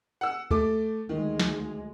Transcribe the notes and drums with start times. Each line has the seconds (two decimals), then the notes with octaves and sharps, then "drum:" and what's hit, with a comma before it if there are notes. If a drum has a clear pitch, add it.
0.21 F#5 E6
0.51 A3 A4 D6, drum: kick
1.09 D2 D#3 G#3
1.40 drum: snare